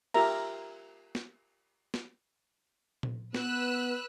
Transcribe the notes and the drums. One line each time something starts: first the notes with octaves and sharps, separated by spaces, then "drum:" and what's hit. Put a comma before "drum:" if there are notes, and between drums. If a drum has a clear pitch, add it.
F4 G4 A#4 E5 A#5, drum: cymbal
drum: snare
drum: snare
drum: tom A#2
B3 B4 E6 F#6, drum: snare